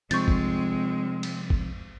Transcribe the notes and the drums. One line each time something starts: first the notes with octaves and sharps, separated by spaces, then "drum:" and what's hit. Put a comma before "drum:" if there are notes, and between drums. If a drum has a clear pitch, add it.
C3 F3 G#3 C4 C#6 G6 A6, drum: cymbal
drum: kick G1
drum: cymbal
drum: kick G1